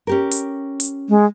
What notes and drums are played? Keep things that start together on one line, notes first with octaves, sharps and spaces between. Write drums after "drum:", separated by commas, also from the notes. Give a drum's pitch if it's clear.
C#4 G4 A#4
drum: hi-hat
drum: hi-hat
G#3